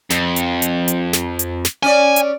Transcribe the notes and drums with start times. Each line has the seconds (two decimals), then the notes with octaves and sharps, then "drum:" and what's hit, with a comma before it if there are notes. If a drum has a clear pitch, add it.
0.11 F2, drum: snare
0.36 drum: hi-hat
0.62 drum: hi-hat
0.88 drum: hi-hat
1.13 drum: snare
1.39 drum: hi-hat
1.65 drum: snare
1.83 C#4 D5 G#5
2.16 drum: hi-hat